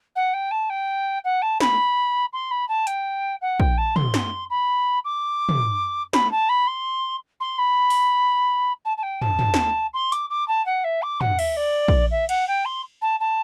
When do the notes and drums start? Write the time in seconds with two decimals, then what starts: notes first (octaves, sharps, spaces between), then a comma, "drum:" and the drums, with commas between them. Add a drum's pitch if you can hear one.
0.16 F#5
0.34 G5
0.51 A5
0.70 G5
1.25 F#5
1.42 A5
1.60 B5, drum: snare
2.33 C6
2.51 B5
2.69 A5
2.87 G5, drum: hi-hat
3.42 F#5
3.60 G5, drum: kick
3.78 A5
3.96 C6, drum: tom
4.14 drum: snare
4.50 B5
5.05 D6
5.49 drum: tom
6.13 B5, drum: snare
6.32 A5
6.49 B5
6.67 C6
7.41 C6
7.58 B5
7.90 drum: open hi-hat
8.85 A5
8.98 A5
9.03 G5
9.22 A5, drum: tom
9.39 drum: tom
9.54 drum: snare
9.94 C6
10.12 D6, drum: hi-hat
10.30 D6
10.48 A5
10.66 F#5
10.84 E5
11.02 D6
11.21 F#5, drum: tom
11.39 E5, drum: cymbal
11.57 D5
11.88 drum: kick
12.11 E5
12.29 F#5, drum: cymbal
12.48 G5
12.65 C6
13.02 A5
13.20 A5